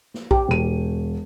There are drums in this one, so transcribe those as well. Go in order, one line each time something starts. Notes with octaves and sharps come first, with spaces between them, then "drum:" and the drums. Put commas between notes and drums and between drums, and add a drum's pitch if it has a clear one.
drum: snare
G4, drum: kick A#1
E1 D#7